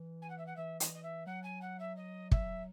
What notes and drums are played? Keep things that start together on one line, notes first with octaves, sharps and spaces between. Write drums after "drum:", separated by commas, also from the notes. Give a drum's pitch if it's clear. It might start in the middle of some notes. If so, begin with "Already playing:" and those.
Already playing: E3
G#5
F#5
E5
F#5
E3 E5
D#5, drum: hi-hat
D#5
E5
F#3 F#5
G#5
F#5
E5
D#5
E5, drum: kick